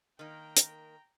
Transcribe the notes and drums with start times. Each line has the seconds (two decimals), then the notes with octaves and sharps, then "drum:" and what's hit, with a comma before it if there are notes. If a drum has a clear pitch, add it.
0.19 D#3 A#3 G5 A#5
0.57 drum: hi-hat